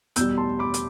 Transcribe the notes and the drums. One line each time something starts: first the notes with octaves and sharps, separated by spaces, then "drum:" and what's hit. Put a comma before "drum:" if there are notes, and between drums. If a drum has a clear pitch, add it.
E2 B2 G3 E6 G6, drum: hi-hat
A5 C6
B5 D6
drum: hi-hat